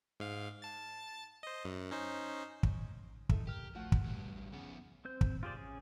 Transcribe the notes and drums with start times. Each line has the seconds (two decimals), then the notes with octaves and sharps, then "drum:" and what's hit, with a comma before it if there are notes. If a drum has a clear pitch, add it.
0.20 G#2 F5
0.62 A5 A6
1.43 C5 D#5
1.65 F#2
1.91 C#4 D#4 C5
2.63 drum: kick
3.29 D#4 A4 E5, drum: kick
3.47 C#2 G4 A#4 F6
3.75 F3 A3 F#4 F#5
3.92 drum: kick
4.04 G2 F#3 G3
4.52 C#3 F3 B3 F#5
5.05 C4 C5 G6
5.21 drum: kick
5.43 F4 G4 G#4 C5 D5
5.57 C#4 G#4